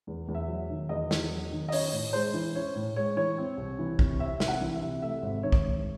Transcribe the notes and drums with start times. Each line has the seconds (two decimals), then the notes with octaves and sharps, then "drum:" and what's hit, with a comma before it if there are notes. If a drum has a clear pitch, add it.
0.07 E2
0.28 E2
0.35 E5
0.48 F#3
0.70 D#3
0.89 E2 D#5
1.11 E2, drum: snare
1.30 F#3
1.52 D#3
1.69 D#5
1.72 C#4 C#5, drum: open hi-hat
1.92 A2
2.13 G#3 C5
2.34 E3
2.55 C#4 C#5
2.75 A2
2.96 G#3 C#5
3.16 E3 C#5
3.38 C4
3.57 C2
3.79 E3
3.99 C3, drum: kick
4.19 C4 E5
4.40 C2, drum: snare
4.48 F#5
4.61 E3
4.75 E5
4.82 C3
5.02 A3 E5
5.22 G#1
5.43 D#3 C#5
5.52 drum: kick
5.64 G#2